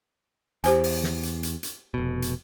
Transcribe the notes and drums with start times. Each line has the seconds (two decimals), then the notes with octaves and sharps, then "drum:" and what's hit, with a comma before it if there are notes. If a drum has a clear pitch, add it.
0.64 E2 G4 C5 G#5, drum: hi-hat
0.84 drum: open hi-hat
1.03 drum: snare
1.23 drum: hi-hat
1.43 drum: hi-hat
1.63 drum: hi-hat
1.94 F1 B2
2.22 drum: hi-hat